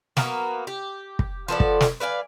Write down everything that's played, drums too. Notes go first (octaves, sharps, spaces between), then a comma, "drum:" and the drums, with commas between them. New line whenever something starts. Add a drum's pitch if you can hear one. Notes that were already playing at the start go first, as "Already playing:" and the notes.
A#3 B3 F#4, drum: snare
G4
drum: kick
F3 B3 A4 D5
drum: kick
drum: snare
B4 D5 F5 G#5